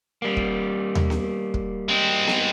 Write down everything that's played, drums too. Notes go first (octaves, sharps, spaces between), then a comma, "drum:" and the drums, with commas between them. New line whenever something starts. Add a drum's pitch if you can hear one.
G3 A#3
drum: kick
drum: tom D#2
drum: snare B3
drum: kick
G#3 C4
drum: snare B3